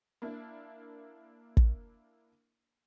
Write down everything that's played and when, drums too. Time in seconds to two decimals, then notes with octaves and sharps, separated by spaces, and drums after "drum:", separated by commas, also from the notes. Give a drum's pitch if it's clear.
0.22 A#3 D4 E4
1.57 drum: kick